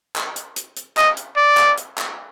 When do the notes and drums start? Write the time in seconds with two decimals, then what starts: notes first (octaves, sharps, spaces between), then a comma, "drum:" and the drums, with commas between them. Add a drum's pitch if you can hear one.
0.16 drum: clap
0.36 drum: hi-hat
0.56 drum: hi-hat
0.77 drum: hi-hat
0.97 D#5, drum: clap
1.17 drum: hi-hat
1.37 D5
1.57 drum: clap
1.78 drum: hi-hat
1.98 drum: clap